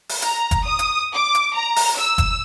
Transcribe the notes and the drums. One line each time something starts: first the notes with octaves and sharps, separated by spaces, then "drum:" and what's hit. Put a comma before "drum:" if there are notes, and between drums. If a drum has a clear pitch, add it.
drum: open hi-hat
A#5, drum: hi-hat
drum: kick F#1, hi-hat
D#6
drum: hi-hat
D6
drum: hi-hat
A#5
drum: open hi-hat
E6
drum: kick F#1, hi-hat